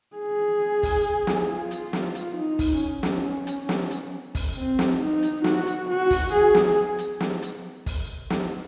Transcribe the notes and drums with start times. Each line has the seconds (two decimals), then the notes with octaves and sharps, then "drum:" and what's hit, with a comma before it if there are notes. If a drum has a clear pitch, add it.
0.17 G#4
0.83 drum: kick, open hi-hat
1.27 drum: snare
1.49 F4
1.71 drum: hi-hat
1.93 drum: snare
2.15 drum: hi-hat
2.36 D#4
2.59 drum: kick, open hi-hat
2.81 C#4
3.03 drum: snare
3.47 drum: hi-hat
3.69 drum: snare
3.91 drum: hi-hat
4.35 drum: kick, open hi-hat
4.57 C4
4.79 drum: snare
5.01 D#4
5.23 drum: hi-hat
5.44 F#4, drum: snare
5.67 drum: hi-hat
5.89 F#4
6.11 drum: kick, open hi-hat
6.33 G#4
6.55 drum: snare
6.98 drum: hi-hat
7.20 drum: snare
7.42 drum: hi-hat
7.86 drum: kick, open hi-hat
8.30 drum: snare